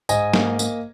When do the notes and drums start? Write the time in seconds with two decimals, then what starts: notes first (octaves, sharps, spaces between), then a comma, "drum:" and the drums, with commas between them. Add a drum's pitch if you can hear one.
0.09 G#2 D#5 G#5, drum: tambourine
0.34 A#3, drum: snare
0.59 A#3, drum: tambourine